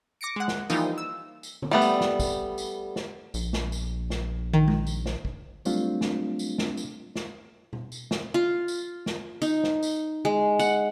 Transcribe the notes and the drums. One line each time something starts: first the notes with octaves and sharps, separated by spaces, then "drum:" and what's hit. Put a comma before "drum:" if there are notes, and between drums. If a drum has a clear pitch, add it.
D6 A#6 C#7 D7
G#3 F#5
drum: snare
E3 F3 G3 A#3 D#4 F4, drum: tambourine
E6
drum: tambourine
drum: tom D3
G3 A3 B3
drum: tambourine
drum: snare
drum: kick, tambourine
drum: tambourine
drum: snare
A#1, drum: tambourine
drum: snare
drum: tambourine
drum: snare
D#3
drum: tom G#3
drum: tambourine
drum: snare
drum: kick
F#3 G3 A3 C4 D4 F4, drum: tambourine
drum: snare
drum: tambourine
drum: snare
drum: tambourine
drum: snare
drum: tom B2
drum: tambourine
drum: snare
F4
drum: tambourine
drum: snare
D#4, drum: tambourine
drum: snare
drum: tambourine
G#3
F#5, drum: tambourine